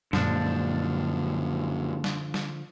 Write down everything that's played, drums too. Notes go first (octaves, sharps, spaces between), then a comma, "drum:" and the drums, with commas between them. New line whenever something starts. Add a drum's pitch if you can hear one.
F#2 A#2 D3 F3 D4, drum: snare
drum: snare
drum: snare